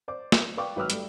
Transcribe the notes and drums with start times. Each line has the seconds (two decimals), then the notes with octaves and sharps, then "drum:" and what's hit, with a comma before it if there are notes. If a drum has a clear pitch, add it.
0.08 C5 D5 D6
0.32 drum: snare
0.57 B4 D5 F5 G5 C#6 D6
0.76 G#1 F#3 B4 D6 E6 F6
0.90 G3 A3, drum: hi-hat